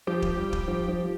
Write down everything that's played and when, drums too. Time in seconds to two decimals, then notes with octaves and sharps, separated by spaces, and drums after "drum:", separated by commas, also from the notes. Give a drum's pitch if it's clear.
0.07 F3 G4
0.22 drum: kick
0.37 G3
0.53 drum: kick
0.68 F3
0.88 F3